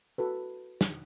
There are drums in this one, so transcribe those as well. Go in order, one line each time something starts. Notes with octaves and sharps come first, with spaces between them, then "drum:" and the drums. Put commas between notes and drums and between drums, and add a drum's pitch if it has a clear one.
F#4 A4 B4
drum: snare